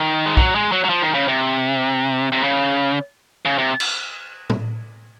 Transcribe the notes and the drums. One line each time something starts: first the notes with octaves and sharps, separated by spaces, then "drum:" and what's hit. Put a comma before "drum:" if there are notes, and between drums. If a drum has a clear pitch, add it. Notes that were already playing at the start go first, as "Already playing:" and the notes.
Already playing: D#3
G#3
F#3, drum: kick
G#3
F#3
F#3
F3
D#3
C#3
C3
C3
C#3
C#3
C3
drum: cymbal
drum: tom A2